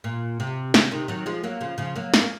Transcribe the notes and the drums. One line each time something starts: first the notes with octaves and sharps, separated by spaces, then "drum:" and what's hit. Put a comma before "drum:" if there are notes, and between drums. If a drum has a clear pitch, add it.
A#2
C3
C#3, drum: snare
C3 D#3
D#3 F#3
F3 G#3
F#3 A#3
C#3 F3
C#3 F3
F#3 A#3
G#3, drum: snare
A#3